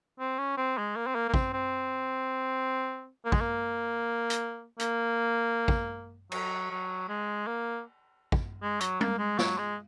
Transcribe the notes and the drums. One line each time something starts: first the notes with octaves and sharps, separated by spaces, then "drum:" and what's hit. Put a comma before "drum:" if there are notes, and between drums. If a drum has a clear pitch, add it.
C4
C#4
C4
G#3
A#3
C4
A#3
A#3
C4, drum: kick
C4
A#3
G#3, drum: kick
A#3
drum: hi-hat
A#3, drum: hi-hat
drum: kick
F#3, drum: cymbal
F#3
G#3
A#3
drum: kick
G#3
F#3, drum: hi-hat
A#3, drum: tom G3
G#3
F#3, drum: snare
G#3